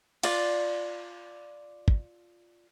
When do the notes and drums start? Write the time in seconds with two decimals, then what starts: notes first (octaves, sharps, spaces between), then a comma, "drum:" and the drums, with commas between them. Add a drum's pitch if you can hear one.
0.23 F4 D5, drum: cymbal
1.88 drum: kick